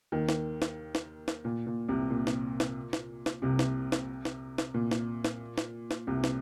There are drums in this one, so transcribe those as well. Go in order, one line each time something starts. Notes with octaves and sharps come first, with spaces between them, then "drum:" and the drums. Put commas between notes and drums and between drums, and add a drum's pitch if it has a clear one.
D#2 D#3
drum: snare
drum: snare
drum: snare
drum: snare
A#2
A#2
C2 C3
A#2
drum: snare
drum: snare
drum: snare
drum: snare
C2 C3
drum: snare
drum: snare
drum: snare
drum: snare
A#2
drum: snare
drum: snare
drum: snare
drum: snare
C2 C3
drum: snare